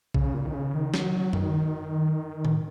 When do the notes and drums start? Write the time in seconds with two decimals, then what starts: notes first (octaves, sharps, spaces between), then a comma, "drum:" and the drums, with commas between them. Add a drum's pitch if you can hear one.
0.14 C#3, drum: kick A#1
0.34 A#2
0.45 D#3
0.54 C#3
0.74 D#3
0.94 F#3, drum: snare
1.33 D#3, drum: tom F#2
2.45 drum: tom A2